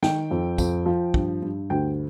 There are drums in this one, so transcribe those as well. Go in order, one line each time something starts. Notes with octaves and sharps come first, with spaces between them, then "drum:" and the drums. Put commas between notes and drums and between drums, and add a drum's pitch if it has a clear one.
D#3 G5, drum: snare
F2
F2, drum: kick, tambourine
F3
G2, drum: kick
G2
D2 G5